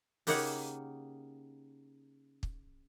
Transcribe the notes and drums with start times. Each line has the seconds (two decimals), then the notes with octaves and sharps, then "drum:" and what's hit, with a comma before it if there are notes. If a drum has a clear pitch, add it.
0.27 C#3 A#3 D#4 G4 C#5 F#5, drum: open hi-hat
2.43 drum: kick